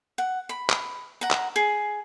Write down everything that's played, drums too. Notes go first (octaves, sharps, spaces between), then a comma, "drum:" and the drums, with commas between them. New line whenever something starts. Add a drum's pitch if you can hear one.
F#5
B5
drum: clap
F#5 A#5
drum: clap
G#4